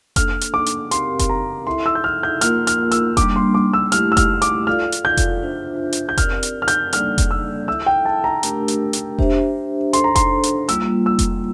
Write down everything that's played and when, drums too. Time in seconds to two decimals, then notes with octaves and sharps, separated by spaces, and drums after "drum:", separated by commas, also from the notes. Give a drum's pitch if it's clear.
0.16 A#3 D4 A4 F6, drum: kick F1, hi-hat
0.41 drum: hi-hat
0.54 D6
0.66 drum: hi-hat
0.91 C4 G4 A#4 F5 C6, drum: hi-hat
1.19 C6, drum: kick F1, hi-hat
1.30 A#5
1.66 E4 A4 E5 C6
1.86 E6
1.95 G6
2.04 F6
2.23 G6
2.41 A#3 F4 A#4 F6, drum: hi-hat
2.67 F6, drum: hi-hat
2.91 E6, drum: hi-hat
3.17 G3 A#3 D4 D6, drum: kick F1, hi-hat
3.36 C6
3.54 D6
3.73 E6
3.92 A3 E4 G4 F6, drum: hi-hat
4.12 E6
4.17 F6, drum: kick F1, hi-hat
4.42 D6, drum: hi-hat
4.67 F4 A4 D5 F5 F6
4.92 drum: hi-hat
5.05 G6
5.17 drum: kick F1, hi-hat
5.42 D4 F4 C5 E5
5.92 drum: hi-hat
6.09 G6
6.17 C4 G4 A#4 D5 F6, drum: kick F1, hi-hat
6.43 drum: hi-hat
6.62 F6
6.68 G6, drum: hi-hat
6.93 G3 A#3 D4 A4 D5 F6, drum: hi-hat
7.18 drum: kick F1, hi-hat
7.31 E6
7.68 E4 A4 E5 E6
7.86 G5
8.06 A5
8.24 A#5
8.43 A3 D4 G4 A#4, drum: hi-hat
8.68 drum: hi-hat
8.93 drum: hi-hat
9.19 D4 G4 C5 E5, drum: kick F1
9.93 D4 A4 C5 C6, drum: hi-hat
10.04 A#5
10.15 C6, drum: kick F1, hi-hat
10.43 drum: hi-hat
10.69 G3 A#3 F4 E6, drum: hi-hat
11.06 E6
11.19 drum: kick F1, hi-hat